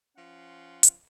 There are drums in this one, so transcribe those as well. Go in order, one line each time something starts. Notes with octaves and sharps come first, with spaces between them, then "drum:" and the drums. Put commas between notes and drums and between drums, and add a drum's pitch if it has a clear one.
F3 C#4 F#5 C6
drum: hi-hat